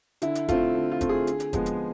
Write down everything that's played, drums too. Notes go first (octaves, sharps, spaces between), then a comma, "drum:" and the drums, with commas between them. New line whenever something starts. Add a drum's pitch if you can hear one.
D3 E4, drum: hi-hat
drum: hi-hat
A3 C4 F4, drum: kick F1, hi-hat
D3
F4
A3 C4, drum: kick F1, hi-hat
G#4
D3, drum: hi-hat
drum: hi-hat
F3 G#3 B3, drum: kick F1, hi-hat
drum: hi-hat